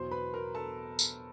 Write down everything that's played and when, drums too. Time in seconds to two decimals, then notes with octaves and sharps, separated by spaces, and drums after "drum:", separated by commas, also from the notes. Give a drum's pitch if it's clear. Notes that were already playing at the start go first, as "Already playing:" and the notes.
Already playing: E2 B2 F#3 C5 C6
0.11 B4 B5
0.34 A#4 A#5
0.55 A4 A5
0.99 drum: tambourine